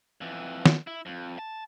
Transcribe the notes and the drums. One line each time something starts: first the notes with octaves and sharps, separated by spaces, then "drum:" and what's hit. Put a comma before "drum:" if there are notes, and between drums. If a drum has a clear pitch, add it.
F2 E3
drum: snare
E4
F2
A5